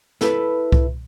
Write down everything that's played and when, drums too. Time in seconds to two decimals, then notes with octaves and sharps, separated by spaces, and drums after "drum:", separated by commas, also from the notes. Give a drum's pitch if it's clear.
0.21 E4 A4 B4, drum: snare
0.72 drum: kick C2